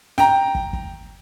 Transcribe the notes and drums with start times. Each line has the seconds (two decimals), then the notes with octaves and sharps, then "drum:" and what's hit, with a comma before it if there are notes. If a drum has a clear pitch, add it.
0.18 G5 A#5, drum: snare
0.55 drum: kick
0.73 drum: kick